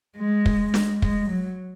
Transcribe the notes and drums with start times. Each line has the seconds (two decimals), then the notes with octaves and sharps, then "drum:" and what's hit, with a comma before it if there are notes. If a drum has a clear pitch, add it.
0.17 G#3
0.46 drum: kick
0.74 drum: snare
1.02 G#3, drum: kick
1.29 F#3